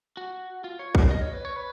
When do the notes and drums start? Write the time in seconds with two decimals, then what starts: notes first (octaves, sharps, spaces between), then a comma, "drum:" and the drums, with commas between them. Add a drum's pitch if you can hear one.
0.17 F#4
0.64 F4
0.79 C#5
0.95 F5, drum: kick
1.11 D#5
1.21 C#5
1.33 B4
1.45 C#5
1.56 B4